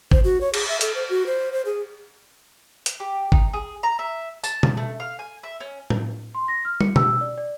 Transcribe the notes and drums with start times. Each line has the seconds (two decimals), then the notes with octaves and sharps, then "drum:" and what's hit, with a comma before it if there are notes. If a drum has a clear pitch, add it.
0.11 C5, drum: kick G#1
0.24 F#4
0.41 C#5
0.54 G#4, drum: cymbal
0.68 E5
0.81 A4, drum: hi-hat
0.95 C5
1.10 F#4
1.27 C5
1.53 C5
1.65 G#4
2.86 drum: hi-hat
3.00 G4
3.32 D#4, drum: kick G#1
3.54 G#4
3.83 A#5
3.99 E5
4.44 A5, drum: tambourine
4.63 drum: tom B2
4.77 A3
5.00 F5
5.19 G#5
5.43 E5
5.60 C#4
5.90 drum: tom A2
6.35 C6
6.48 A#6
6.65 F6
6.81 C#7, drum: tom
6.96 E6, drum: tom B2
7.21 D5
7.38 D5